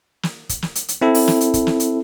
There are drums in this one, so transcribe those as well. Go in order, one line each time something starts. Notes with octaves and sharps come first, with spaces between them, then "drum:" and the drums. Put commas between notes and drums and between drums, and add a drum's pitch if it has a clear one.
drum: snare
drum: kick, hi-hat
drum: snare
drum: hi-hat
drum: hi-hat
C4 E4 A4
drum: open hi-hat
drum: snare
drum: hi-hat
drum: kick, hi-hat
drum: snare
drum: hi-hat